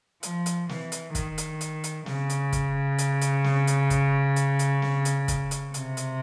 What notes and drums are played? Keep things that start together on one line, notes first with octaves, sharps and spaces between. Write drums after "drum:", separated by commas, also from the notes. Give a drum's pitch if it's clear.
F3, drum: hi-hat
drum: hi-hat
E3, drum: snare
drum: hi-hat
D#3, drum: kick, hi-hat
drum: hi-hat
drum: hi-hat
drum: hi-hat
C#3, drum: snare
drum: hi-hat
drum: kick, hi-hat
drum: hi-hat
drum: hi-hat
drum: snare
drum: hi-hat
drum: kick, hi-hat
drum: hi-hat
drum: hi-hat
drum: snare
drum: hi-hat
drum: kick, hi-hat
drum: hi-hat
C3, drum: hi-hat
drum: hi-hat